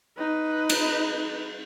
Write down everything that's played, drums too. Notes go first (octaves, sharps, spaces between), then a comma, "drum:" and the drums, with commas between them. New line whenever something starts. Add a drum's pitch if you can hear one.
D#4 B4
drum: cymbal